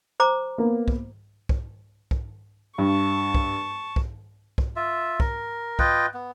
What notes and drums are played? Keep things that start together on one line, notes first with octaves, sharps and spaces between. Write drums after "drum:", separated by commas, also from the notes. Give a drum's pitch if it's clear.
C5 A#5 D6
A#3 B3
drum: kick
drum: kick
drum: kick
G2 A5 C#6
drum: kick
drum: kick
drum: kick
F4 E5
A#4, drum: kick
F4 B4 D#5 G5, drum: kick
B3